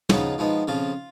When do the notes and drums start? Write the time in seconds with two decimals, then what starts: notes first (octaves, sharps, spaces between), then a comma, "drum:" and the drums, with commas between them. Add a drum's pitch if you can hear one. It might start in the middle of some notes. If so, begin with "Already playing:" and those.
0.09 C#2 C#3 F3 B3 D#4 F4, drum: tom
0.38 G#2 F3 B3 D#4
0.67 F2 C#3 F3 F4